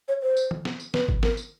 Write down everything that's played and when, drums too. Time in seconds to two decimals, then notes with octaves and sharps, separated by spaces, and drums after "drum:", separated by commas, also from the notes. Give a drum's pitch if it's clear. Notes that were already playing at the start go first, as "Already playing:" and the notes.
0.08 C#5
0.22 C5
0.37 drum: tambourine
0.51 drum: tom D#3
0.65 drum: snare
0.80 drum: tambourine
0.94 B4, drum: snare
1.08 drum: kick G#1
1.23 A#4, drum: snare
1.37 drum: tambourine